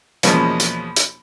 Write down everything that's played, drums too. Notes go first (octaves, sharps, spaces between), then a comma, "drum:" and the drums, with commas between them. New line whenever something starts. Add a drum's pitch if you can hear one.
E2 B2 F3 G#3 A#3 C#4, drum: hi-hat
drum: hi-hat
drum: hi-hat